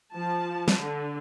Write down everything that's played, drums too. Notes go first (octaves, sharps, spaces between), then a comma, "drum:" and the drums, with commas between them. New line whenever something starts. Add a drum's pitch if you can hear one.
F3 A5
drum: snare
D3